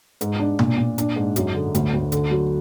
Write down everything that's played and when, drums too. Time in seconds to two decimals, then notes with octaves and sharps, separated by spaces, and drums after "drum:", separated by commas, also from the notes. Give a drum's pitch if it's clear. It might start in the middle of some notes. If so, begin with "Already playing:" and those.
0.21 G#2, drum: hi-hat
0.40 D4
0.59 A#2, drum: tom B2
0.78 A#2
0.98 D4, drum: hi-hat
1.16 G#2
1.36 F#2, drum: hi-hat
1.54 D3
1.75 D2, drum: hi-hat
1.94 D2
2.12 D3, drum: hi-hat
2.31 F#3